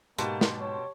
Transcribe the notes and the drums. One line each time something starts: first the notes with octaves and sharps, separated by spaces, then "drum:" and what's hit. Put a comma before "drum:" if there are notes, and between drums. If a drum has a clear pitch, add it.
G#2 B2 A#3 G4 A5 C6, drum: hi-hat
drum: snare
C#5